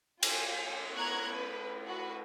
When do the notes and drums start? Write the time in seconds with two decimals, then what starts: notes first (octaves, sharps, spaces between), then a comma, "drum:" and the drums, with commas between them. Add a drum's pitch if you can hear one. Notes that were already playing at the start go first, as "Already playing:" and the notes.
0.23 F4 G5 G#5, drum: cymbal
0.95 B3 A#5 C#6 F#6 G#6
1.30 B4
1.87 F#4 B4